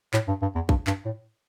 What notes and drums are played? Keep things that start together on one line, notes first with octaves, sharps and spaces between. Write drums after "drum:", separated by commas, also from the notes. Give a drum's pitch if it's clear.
A2, drum: clap
G2
G2
E2
G2, drum: kick
G2, drum: clap
A2